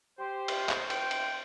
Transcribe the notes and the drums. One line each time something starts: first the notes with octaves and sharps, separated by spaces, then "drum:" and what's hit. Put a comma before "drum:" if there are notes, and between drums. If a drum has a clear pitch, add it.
G4 C5
drum: cymbal
drum: clap
G5, drum: cymbal
drum: cymbal